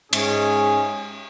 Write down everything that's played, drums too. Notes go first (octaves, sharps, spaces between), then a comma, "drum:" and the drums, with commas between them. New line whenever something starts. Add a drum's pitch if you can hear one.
G#2 C#4 G#4, drum: cymbal